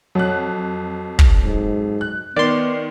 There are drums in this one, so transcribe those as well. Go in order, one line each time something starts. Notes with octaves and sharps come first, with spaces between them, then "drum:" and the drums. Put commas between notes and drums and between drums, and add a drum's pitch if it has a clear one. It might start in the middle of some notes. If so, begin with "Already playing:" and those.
F2 F#3 F#6
drum: kick
G#2
F#6
D#3 B3 D5 C6